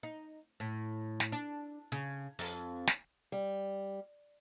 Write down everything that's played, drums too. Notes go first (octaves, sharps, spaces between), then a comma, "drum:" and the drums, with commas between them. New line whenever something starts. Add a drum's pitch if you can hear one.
D#4
A2
drum: snare
D4
C#3, drum: hi-hat
F2, drum: open hi-hat
drum: snare
G3